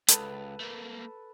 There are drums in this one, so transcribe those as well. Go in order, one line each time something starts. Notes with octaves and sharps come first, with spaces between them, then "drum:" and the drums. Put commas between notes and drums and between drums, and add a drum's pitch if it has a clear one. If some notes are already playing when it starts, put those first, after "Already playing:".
C#2 A4 B4, drum: hi-hat
A3 A#3